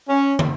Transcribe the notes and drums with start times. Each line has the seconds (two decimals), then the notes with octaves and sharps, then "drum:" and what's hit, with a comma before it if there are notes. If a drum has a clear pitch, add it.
0.09 C#4
0.39 drum: tom